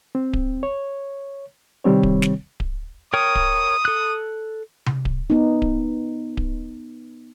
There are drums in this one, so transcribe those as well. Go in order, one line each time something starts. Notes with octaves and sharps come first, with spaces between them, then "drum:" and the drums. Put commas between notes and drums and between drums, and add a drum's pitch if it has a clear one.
C4
drum: kick D1
C#5
C3 D#3 G3 C4 C#5
drum: kick D1
drum: snare
drum: kick D1
A#4 C#5 G5 D#6
drum: kick D1
A4 F#6
drum: tom C3
drum: kick D1
B3 D#4
drum: kick D1
drum: kick D1